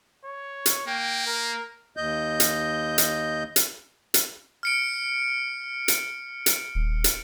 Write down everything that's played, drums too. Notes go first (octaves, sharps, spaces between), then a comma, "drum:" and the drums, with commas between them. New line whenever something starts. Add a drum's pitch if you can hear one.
C#5
drum: hi-hat
A#3 G5
A#4
D#2 D#5 G6
drum: hi-hat
drum: hi-hat
drum: hi-hat
drum: hi-hat
F6 C#7 D7
drum: hi-hat
drum: hi-hat
D#1
drum: hi-hat